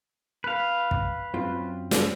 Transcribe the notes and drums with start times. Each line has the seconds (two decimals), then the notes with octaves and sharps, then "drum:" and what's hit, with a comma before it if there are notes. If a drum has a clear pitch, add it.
0.44 B4 F5
0.91 drum: kick
1.34 F#2 C4 F4
1.91 drum: snare